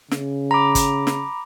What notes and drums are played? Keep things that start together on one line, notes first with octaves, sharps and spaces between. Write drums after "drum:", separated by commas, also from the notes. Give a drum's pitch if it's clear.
C#3, drum: snare
A#5 B5 D6
drum: kick, hi-hat
drum: snare